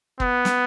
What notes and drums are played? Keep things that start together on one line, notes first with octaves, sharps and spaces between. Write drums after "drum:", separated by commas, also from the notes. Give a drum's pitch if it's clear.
B3, drum: kick
drum: snare